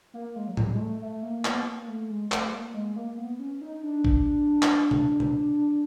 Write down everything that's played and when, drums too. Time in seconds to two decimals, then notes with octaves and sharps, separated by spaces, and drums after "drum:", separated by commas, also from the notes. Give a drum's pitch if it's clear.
0.14 A#3
0.36 G#3
0.48 F#3
0.57 G3, drum: tom
0.74 G#3
0.79 A3
1.01 A3
1.23 A#3
1.45 B3, drum: clap
1.66 A#3
1.88 A3
2.10 G#3
2.32 A3, drum: clap
2.53 A#3
2.74 G#3
2.96 A#3
3.18 B3
3.39 C#4
3.61 D#4
3.83 D4
4.04 drum: kick
4.62 drum: clap
4.91 drum: tom B2
5.20 drum: tom B2